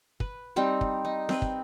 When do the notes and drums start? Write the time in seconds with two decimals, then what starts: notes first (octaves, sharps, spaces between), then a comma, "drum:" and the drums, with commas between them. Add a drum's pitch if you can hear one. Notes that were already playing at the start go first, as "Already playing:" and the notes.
0.20 B4, drum: kick
0.56 G3 C4 D#4
0.81 drum: kick
1.05 D#4
1.29 C4 B4, drum: snare C4
1.42 drum: kick